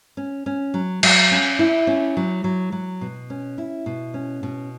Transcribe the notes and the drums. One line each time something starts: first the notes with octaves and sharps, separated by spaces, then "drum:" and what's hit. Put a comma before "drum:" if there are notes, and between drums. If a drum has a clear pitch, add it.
C#4
C#4
F#3
F#3, drum: cymbal
C#4
E4
C#4
F#3
F#3
F#3
B2
C#4
E4
B2
C#4
B2